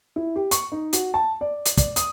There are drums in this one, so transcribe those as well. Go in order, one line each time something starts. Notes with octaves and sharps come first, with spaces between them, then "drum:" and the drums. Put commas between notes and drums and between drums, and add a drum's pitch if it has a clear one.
E4
G4
C#6, drum: hi-hat
D#4
F#4, drum: hi-hat
A5
D5
drum: hi-hat
D5, drum: kick, hi-hat
D#6, drum: hi-hat